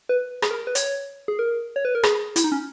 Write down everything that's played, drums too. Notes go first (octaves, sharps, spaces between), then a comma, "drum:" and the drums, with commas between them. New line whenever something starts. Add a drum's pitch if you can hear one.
B4
G#4, drum: rim click
A#4
B4
C#5, drum: hi-hat
G#4
A#4
C#5
B4
A#4
G#4, drum: rim click
E4, drum: hi-hat
D#4
C#4